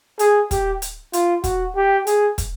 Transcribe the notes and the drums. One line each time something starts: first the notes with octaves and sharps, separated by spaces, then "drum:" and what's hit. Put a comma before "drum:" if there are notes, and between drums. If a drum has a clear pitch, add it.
G#4, drum: hi-hat
G4, drum: kick, hi-hat
drum: hi-hat
F4, drum: hi-hat
F#4, drum: kick, hi-hat
G4
G#4, drum: hi-hat
drum: kick, hi-hat